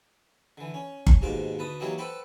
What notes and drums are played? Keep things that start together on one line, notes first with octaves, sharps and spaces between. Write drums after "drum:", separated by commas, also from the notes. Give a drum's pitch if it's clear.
D3 E3
C#4
drum: kick G1
D#2 G#2 B2 C5 F5 D6
D2 B4 A5 D#6
E3 F#3 A#3 D#4 G4 C#5
A4 B4 C5 F#5 G5